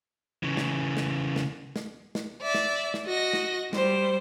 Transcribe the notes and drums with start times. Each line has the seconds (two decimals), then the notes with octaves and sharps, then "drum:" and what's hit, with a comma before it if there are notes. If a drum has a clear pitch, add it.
0.43 C#3 E3
0.57 drum: snare
0.97 drum: snare
1.36 drum: snare
1.76 drum: snare
2.15 drum: snare
2.41 D5 E5
2.55 drum: snare
2.94 drum: snare
3.05 F#4 D#5 A#6
3.33 drum: snare
3.73 G3 C5, drum: snare